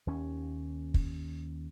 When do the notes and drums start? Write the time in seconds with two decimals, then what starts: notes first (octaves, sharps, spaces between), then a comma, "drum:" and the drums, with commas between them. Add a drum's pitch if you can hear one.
0.07 D#2 C#4
0.94 drum: kick